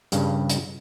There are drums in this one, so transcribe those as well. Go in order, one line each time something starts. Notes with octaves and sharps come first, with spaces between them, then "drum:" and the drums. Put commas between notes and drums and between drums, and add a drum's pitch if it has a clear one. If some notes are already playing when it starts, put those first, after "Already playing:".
G2 C#3, drum: hi-hat
drum: hi-hat